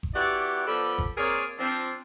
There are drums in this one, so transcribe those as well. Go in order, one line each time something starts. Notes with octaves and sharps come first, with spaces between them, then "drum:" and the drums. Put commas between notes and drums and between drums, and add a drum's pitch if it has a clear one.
drum: kick G1
B3 E4 F#4 G4 D5
F3 B3 A4 D5 B5
drum: kick G1
A#3 C4 G#4 A#4 C#5 D5
F3 C4 D4